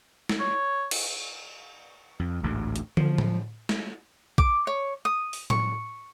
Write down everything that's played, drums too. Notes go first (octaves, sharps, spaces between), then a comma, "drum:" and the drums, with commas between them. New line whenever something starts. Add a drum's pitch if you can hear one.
drum: snare
C#5
drum: cymbal
F2
A1 D2 G#2
drum: hi-hat
F3, drum: tom
drum: tom A2
drum: snare
D6, drum: kick A#1
C#5
D#6
drum: open hi-hat
C#6, drum: tom A2